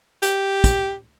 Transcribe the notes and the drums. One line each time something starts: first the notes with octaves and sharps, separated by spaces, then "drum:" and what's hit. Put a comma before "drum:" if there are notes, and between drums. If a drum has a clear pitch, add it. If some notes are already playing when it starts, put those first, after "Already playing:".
G4, drum: hi-hat
drum: kick, hi-hat